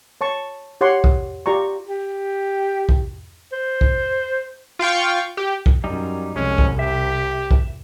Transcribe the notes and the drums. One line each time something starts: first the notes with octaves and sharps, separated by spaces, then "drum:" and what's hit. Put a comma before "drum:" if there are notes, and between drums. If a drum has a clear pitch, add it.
C#5 A5 C#6
G4 C#5 F#5 C6 D6
drum: kick
F4 G4 D5 A#5 C#6
G4
drum: kick
C5
drum: kick
F4 F5 G5 C#6
G4
drum: kick
F#2 G3 D#4
C2 F2 G#3 C#4
drum: kick
G4 E5
drum: kick